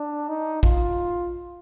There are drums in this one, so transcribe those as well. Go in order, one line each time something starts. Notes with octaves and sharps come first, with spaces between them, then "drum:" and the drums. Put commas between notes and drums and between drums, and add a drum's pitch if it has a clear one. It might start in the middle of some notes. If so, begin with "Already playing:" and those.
Already playing: D4
D#4
F4, drum: kick A#1